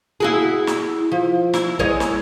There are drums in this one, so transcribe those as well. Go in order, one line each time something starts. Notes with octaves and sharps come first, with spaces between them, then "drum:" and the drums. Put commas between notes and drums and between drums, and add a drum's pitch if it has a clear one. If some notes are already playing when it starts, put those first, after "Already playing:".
E4 F#4 G#4
drum: snare
F3
E4, drum: snare
G#3 C#5 D#5, drum: kick
drum: snare